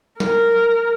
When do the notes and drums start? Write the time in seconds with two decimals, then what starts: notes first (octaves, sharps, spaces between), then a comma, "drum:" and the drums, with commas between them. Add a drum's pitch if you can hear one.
0.20 A#4, drum: tom F#3